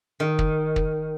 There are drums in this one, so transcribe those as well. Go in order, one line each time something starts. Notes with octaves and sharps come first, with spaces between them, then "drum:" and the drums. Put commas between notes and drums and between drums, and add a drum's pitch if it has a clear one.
D#3
drum: kick
drum: kick